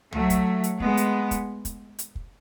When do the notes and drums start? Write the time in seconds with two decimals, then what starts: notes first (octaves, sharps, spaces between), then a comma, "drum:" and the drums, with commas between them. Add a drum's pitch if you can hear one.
0.12 F#3 A3, drum: tom
0.30 drum: kick, hi-hat
0.64 drum: hi-hat
0.80 G#3 B3, drum: kick
0.97 drum: hi-hat
1.31 drum: kick, hi-hat
1.65 drum: kick, hi-hat
1.99 drum: hi-hat
2.15 drum: kick